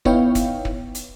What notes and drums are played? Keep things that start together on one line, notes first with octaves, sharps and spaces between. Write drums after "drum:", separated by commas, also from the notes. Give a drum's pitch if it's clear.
B3 D#4 E4 C#5 F5 G5, drum: kick
drum: kick, hi-hat
drum: kick
drum: hi-hat